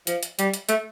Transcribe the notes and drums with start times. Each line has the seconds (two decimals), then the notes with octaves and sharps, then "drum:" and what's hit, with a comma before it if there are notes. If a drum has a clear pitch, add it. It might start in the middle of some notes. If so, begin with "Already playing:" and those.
0.07 F3, drum: hi-hat
0.23 drum: hi-hat
0.39 G3, drum: hi-hat
0.54 drum: hi-hat
0.69 A3, drum: hi-hat